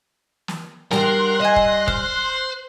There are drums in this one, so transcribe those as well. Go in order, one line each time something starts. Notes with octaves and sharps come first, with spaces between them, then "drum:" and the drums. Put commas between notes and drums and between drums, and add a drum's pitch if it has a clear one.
drum: snare
G3 D#4 F4 F#4 A#4 G5 C6 F#6, drum: snare
D#5 E5 G#5
drum: kick
C5 F6, drum: kick